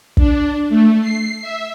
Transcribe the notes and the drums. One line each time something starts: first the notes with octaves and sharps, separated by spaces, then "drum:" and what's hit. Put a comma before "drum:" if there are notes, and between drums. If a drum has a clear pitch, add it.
D4, drum: kick
A3
C7
E5